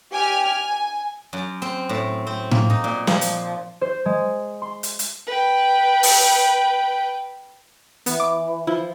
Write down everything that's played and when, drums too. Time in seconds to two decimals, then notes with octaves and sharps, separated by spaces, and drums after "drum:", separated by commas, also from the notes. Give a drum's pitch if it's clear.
0.13 G4 G#5 F6
0.47 G#5
1.33 F#2
1.62 C4
1.89 A2
2.27 C4
2.51 A#3, drum: tom A2
2.70 D#4
2.84 A#2
3.07 F3, drum: snare
3.21 drum: hi-hat
3.81 C5
4.05 G#3
4.62 C6
4.83 drum: hi-hat
4.99 drum: hi-hat
5.27 B4 G5
6.03 drum: open hi-hat
8.06 E3 B3, drum: hi-hat
8.20 D6
8.67 F3 E4